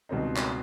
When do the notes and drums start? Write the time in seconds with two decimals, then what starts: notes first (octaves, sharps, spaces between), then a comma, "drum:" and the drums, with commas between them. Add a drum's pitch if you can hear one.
0.09 C#2 B2 G3 C4 D#4
0.36 drum: clap